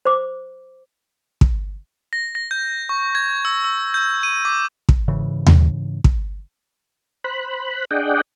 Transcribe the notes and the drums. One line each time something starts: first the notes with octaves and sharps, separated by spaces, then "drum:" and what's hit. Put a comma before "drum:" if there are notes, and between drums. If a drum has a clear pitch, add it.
C5 D6
drum: kick
A#6
A#6
G6
C#6
G#6
E6
E6
G6
D#7
D6
drum: kick
G#2 C#3 E3
drum: tom D#2
drum: kick
C5 B5 F#6
D4 G#4 D5 D#5 F#5 G5